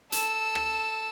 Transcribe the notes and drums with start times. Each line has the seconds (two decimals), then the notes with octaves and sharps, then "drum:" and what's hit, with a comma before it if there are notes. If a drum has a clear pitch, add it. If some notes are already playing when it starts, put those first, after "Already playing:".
0.12 A4 E6, drum: hi-hat
0.55 drum: rim click